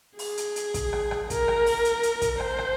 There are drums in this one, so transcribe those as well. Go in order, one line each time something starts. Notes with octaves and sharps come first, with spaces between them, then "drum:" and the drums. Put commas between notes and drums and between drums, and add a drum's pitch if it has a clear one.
G#4, drum: open hi-hat
drum: hi-hat
drum: hi-hat
drum: kick, hi-hat
drum: rim click
drum: rim click
A#4, drum: kick, hi-hat
drum: rim click
drum: open hi-hat
drum: hi-hat
drum: hi-hat
drum: kick, hi-hat
C5, drum: rim click
drum: rim click